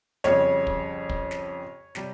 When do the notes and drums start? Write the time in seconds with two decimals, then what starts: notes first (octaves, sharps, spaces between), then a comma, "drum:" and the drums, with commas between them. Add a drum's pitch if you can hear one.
0.24 F2 C#3 G3 C#5, drum: snare
0.67 drum: kick
1.09 drum: kick
1.31 drum: snare
1.95 C3 G3, drum: snare